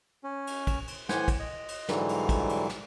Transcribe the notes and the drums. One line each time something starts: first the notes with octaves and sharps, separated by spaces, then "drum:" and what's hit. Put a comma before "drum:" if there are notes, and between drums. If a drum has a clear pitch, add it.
C#4
drum: cymbal
drum: kick, cymbal
drum: cymbal
A2 E3 C5 F#5 G#5 G6, drum: snare
drum: kick, cymbal
D#5
drum: cymbal
G#2 D3 E3 F#3 G3, drum: snare
drum: cymbal
drum: kick, cymbal
drum: cymbal
drum: snare